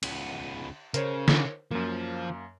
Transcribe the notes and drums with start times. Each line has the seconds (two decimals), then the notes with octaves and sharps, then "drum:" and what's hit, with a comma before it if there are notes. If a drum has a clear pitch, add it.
0.03 C#2 B3, drum: cymbal
0.94 C#3 A#4 C5 C#5, drum: hi-hat
1.28 drum: snare
1.71 F#2 F3 A#3